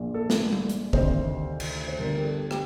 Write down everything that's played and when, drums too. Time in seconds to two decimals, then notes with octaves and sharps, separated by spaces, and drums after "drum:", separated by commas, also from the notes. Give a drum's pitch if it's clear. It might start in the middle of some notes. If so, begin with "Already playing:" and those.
Already playing: A#1 A#2
0.14 A4
0.30 drum: snare
0.53 drum: tom G3
0.69 drum: hi-hat
0.93 D2 C3 D#3 C5, drum: kick
1.60 drum: cymbal
1.88 C5
1.98 G1 G2 D3 A#4
2.18 G4
2.25 A4
2.51 G4, drum: rim click